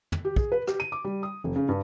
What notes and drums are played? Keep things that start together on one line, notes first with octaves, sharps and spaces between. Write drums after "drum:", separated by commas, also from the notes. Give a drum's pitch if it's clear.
drum: tom
G4
G#4, drum: kick
B4
G4, drum: rim click
D#7
D6
G3
D#6
F1
C#3
G2